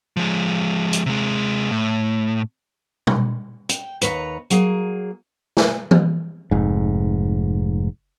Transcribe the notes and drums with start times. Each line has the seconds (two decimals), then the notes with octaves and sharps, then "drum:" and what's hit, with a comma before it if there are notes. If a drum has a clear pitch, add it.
0.17 F3 G#3
0.93 drum: hi-hat
1.06 C3 G#3
1.71 A2
3.07 drum: tom
3.69 G5, drum: hi-hat
4.02 D#2 B4 C#5 E5 A#5, drum: hi-hat
4.50 F#3 A#3 G#4, drum: hi-hat
5.57 drum: snare
5.91 drum: tom E3
6.51 F1 G#2